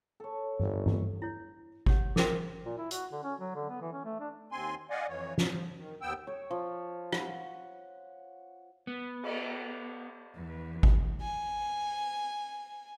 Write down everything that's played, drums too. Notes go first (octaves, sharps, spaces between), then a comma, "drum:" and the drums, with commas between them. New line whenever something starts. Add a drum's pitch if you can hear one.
A4 C#5
G1, drum: tom G2
drum: tom G2
E4 C#5
G4 C#5 F#5, drum: kick G#1
G#4 A#4 C5 E5 G5 C6, drum: snare
A#2
E4
F#4, drum: hi-hat
D3
C#4
F#3
D3
B3
E3
C#4
A3
D4
D#2 C4 G#5 C6
D5 D#5 F5 F#5 G#5
F2 E3 C#5
F3, drum: snare
D#3
D#2 B3 G5 E6
C#5
F3
F#5, drum: rim click
B3
drum: cymbal
E2
drum: kick G#1
G#5